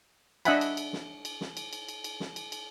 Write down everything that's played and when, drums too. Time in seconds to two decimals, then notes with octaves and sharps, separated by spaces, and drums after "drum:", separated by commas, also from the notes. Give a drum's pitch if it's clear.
0.45 D4 D#5 E5 F#5 G#5 B5, drum: cymbal
0.61 drum: cymbal
0.77 drum: cymbal
0.93 drum: snare
1.25 drum: cymbal
1.41 drum: snare
1.57 drum: cymbal
1.73 drum: cymbal
1.88 drum: cymbal
2.04 drum: cymbal
2.20 drum: snare
2.36 drum: cymbal
2.52 drum: cymbal